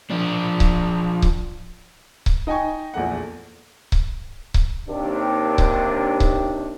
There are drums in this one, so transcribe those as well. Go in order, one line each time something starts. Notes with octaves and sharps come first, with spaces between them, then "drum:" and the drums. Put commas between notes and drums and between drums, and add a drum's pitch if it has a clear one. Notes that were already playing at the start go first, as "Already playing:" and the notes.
F3 D4
drum: kick C#1
drum: kick C#1
drum: kick C#1
D#4 D#5 G5 G#5 C#6
A#1 E2 A3 F#5
drum: kick C#1
drum: kick C#1
D#2 C3 D4
drum: kick C#1
drum: kick C#1